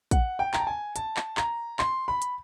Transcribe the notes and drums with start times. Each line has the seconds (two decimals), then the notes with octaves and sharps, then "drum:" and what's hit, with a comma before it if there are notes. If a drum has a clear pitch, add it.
0.11 F#5, drum: kick, hi-hat
0.39 G5
0.54 A#5, drum: clap
0.60 A5
0.67 G#5
0.96 A5, drum: hi-hat
1.17 drum: clap
1.37 A#5, drum: clap
1.79 C6, drum: clap
2.08 B5
2.22 drum: hi-hat